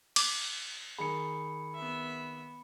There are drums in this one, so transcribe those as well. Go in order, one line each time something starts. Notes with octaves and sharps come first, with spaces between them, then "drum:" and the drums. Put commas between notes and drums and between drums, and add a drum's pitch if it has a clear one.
D6, drum: cymbal
D#3 G#4 B5 C#7
B3 E5